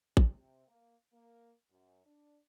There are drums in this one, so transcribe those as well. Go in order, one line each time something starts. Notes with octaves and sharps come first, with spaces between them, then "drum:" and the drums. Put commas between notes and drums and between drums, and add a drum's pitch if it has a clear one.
C3, drum: kick
A#3
A#3
F#2
D4